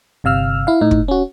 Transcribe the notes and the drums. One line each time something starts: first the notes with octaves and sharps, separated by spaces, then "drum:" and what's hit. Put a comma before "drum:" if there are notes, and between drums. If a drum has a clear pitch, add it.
G1 C3 F5 E6 F6
E4 F5
A2 D#4
drum: kick
C#4 F#4